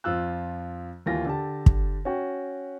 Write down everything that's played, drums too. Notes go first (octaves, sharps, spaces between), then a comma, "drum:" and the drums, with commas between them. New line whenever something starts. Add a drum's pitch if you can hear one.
F2 F3 F4 E6 F#6
D#2 E3 F4 A#6
D3 G4 A5
drum: kick
C#4 F#4 G5